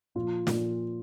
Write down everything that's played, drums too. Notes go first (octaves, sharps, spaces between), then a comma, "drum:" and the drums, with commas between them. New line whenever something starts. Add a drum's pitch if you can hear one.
A#2 F3 F4
A#2 F3, drum: snare